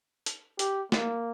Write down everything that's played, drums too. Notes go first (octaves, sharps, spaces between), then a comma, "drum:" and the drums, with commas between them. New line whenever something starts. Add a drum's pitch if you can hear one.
drum: hi-hat
G4, drum: hi-hat
A#3, drum: snare